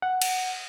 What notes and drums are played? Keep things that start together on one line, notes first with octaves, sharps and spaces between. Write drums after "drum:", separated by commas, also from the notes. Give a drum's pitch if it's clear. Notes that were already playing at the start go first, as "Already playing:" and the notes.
F#5
drum: cymbal